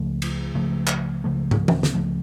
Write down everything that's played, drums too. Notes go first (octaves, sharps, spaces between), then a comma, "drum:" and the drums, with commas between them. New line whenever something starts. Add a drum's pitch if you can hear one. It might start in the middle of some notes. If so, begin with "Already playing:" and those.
Already playing: C#2 C#3 F3 A3
drum: cymbal
C#2 C#3 F3 A3
drum: clap
C#2 C#3 F3 A3
drum: tom
drum: tom E3
drum: snare
C#2 C#3 F3 A3